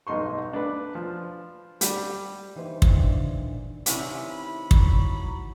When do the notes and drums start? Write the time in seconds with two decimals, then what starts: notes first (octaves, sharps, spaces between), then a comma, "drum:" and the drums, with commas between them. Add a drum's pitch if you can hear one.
0.07 B1 G2 D#4 C6 C#6
0.53 D4 B4
0.95 F3
1.81 G3, drum: hi-hat
2.55 E3 A#3 D#4 G4 B4 C5
2.82 A#2 D3 E3, drum: kick
3.86 C3 D#3 E3 C#4 D#4 E4, drum: hi-hat
4.29 B5
4.71 F#3, drum: kick